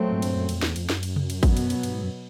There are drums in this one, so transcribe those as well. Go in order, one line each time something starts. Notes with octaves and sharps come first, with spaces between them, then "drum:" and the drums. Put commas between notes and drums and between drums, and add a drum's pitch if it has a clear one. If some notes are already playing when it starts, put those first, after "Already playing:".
Already playing: A#2 F#3 A3 C4
G#2
G2, drum: cymbal
F#2
F2, drum: cymbal
E2, drum: snare
F2, drum: cymbal
F#2, drum: snare
drum: cymbal
drum: tom C3
drum: cymbal
B2 F#3 B3, drum: kick G#1, cymbal
drum: cymbal
drum: cymbal
G2, drum: cymbal
G#2
F#2